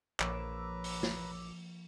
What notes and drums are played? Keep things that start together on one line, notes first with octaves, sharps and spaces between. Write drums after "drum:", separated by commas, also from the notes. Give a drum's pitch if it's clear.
A#1 F3 A#3 B4 C#5 A#5 D6 E6, drum: clap
drum: open hi-hat
drum: snare